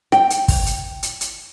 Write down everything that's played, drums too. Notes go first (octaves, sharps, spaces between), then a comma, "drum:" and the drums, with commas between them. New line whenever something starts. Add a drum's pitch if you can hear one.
G5, drum: rim click
drum: hi-hat
drum: kick, open hi-hat
drum: hi-hat
drum: hi-hat
drum: hi-hat